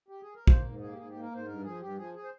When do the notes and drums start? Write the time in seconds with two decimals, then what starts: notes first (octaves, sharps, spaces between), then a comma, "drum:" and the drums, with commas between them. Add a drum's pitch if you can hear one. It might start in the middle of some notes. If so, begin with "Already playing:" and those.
0.09 G4
0.21 G#4
0.35 A#4
0.47 A#3 C5, drum: kick
0.65 G#2
0.80 A#3 G#4
0.93 G4
0.97 G#2 G#4
1.09 A#3 G4
1.22 A#4
1.31 G#2 C5
1.47 G2 A#4
1.64 F3 G#4
1.80 G2 G4
1.97 F3 G#4
2.14 G#4
2.24 C5